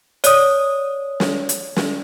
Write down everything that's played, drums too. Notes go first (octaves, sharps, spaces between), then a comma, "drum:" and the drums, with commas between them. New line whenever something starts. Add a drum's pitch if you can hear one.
C#5 D5 D#6, drum: hi-hat
drum: snare
drum: hi-hat
drum: snare